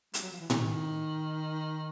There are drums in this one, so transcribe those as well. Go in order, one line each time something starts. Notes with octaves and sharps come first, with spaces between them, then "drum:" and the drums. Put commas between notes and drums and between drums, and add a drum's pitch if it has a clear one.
G3, drum: hi-hat
F#3
F3
E3
D#3, drum: tom A2